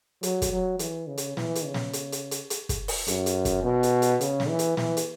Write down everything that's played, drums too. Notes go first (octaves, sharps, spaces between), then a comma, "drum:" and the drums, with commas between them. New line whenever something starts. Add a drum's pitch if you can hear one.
F#3, drum: hi-hat
drum: kick, hi-hat
F#3
E3, drum: hi-hat
C#3
drum: hi-hat
E3, drum: snare
drum: hi-hat
C#3
drum: snare
drum: hi-hat
drum: hi-hat
drum: hi-hat
drum: hi-hat
drum: kick, hi-hat
drum: open hi-hat
F#2, drum: hi-hat
drum: hi-hat
drum: kick, hi-hat
B2
drum: hi-hat
drum: hi-hat
C#3, drum: hi-hat
drum: snare
E3
drum: hi-hat
E3, drum: snare
drum: hi-hat